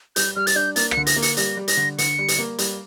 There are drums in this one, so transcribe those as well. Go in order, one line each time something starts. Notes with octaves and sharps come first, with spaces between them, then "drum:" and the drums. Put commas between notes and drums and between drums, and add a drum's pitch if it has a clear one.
G3 G6, drum: hi-hat
G3 F6
A6, drum: hi-hat
D4 G6
A#3 A6, drum: hi-hat
C#7, drum: rim click
D3
A#6, drum: hi-hat
A#3
C#7, drum: hi-hat
G3 A#6, drum: hi-hat
G3
A#6, drum: hi-hat
D3
D3 C#7, drum: hi-hat
G3
drum: hi-hat
A#3
G3, drum: hi-hat